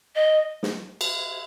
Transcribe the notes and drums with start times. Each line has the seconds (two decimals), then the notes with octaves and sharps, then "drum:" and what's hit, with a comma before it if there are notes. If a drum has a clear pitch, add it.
0.15 D#5
0.63 drum: snare
1.01 drum: cymbal